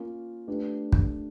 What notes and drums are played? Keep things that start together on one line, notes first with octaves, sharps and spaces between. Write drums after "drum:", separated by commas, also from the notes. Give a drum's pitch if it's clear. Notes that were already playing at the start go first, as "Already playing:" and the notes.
Already playing: A#3 C#4 F4 A#4
A3 D4 G4 B4
drum: kick